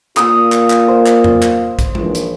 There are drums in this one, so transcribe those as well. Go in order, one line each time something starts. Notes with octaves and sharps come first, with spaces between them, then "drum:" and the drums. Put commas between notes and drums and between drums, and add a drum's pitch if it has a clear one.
A#2 A#3 F4 D#6 E6, drum: clap
drum: clap
drum: clap
C5
drum: clap
drum: tom E2
drum: clap
drum: kick A1, hi-hat
A#1 E3, drum: tom G#3
drum: hi-hat